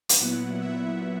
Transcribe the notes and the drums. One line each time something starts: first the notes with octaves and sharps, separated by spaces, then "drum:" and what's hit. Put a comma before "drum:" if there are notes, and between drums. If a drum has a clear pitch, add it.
drum: hi-hat
A#2 F#3 B3 E4 F#5
E5